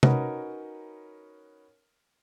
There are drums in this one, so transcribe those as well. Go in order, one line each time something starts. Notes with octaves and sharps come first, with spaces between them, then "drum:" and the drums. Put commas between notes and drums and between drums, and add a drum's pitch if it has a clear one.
C#4 D#4 F#4 A#4 B4, drum: tom C3